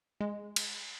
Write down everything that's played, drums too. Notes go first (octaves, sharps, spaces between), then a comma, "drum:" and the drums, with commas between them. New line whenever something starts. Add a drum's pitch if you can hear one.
G#3
drum: cymbal